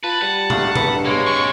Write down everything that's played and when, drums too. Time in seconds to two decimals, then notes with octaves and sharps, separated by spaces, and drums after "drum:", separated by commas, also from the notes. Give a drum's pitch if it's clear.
0.04 F4 B4 A5
0.22 G3 F#5
0.50 A3 F5 F#6, drum: tom C3
0.76 G2 A4 B5, drum: tom C3
1.05 G#3 A#3 C#5
1.26 F2 C#3 C#6